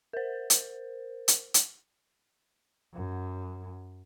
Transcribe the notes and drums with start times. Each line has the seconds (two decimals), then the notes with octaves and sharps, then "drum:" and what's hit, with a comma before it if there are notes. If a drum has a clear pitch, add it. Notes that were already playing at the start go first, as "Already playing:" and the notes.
0.13 A#4 C5
0.50 drum: hi-hat
1.28 drum: hi-hat
1.54 drum: hi-hat
2.93 F#2